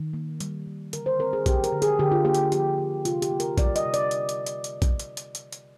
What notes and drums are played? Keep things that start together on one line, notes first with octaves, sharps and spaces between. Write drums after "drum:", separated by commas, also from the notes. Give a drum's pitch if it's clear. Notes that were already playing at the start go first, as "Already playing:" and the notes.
Already playing: D#3
A#3
G3, drum: hi-hat
D#3
D3 A#4, drum: hi-hat
C5
C4 A#4
G#4
F3 G4, drum: kick, hi-hat
A#4, drum: hi-hat
D3
G#4, drum: hi-hat
D3 G4
F4
A#3 G4
drum: hi-hat
F3 G4, drum: hi-hat
D3
C3 F4, drum: hi-hat
G4, drum: hi-hat
A#3
A#4, drum: hi-hat
G3 D5, drum: kick, hi-hat
D#5, drum: hi-hat
C3
D5, drum: hi-hat
drum: hi-hat
drum: hi-hat
drum: hi-hat
drum: hi-hat
drum: kick, hi-hat
drum: hi-hat
drum: hi-hat
drum: hi-hat
drum: hi-hat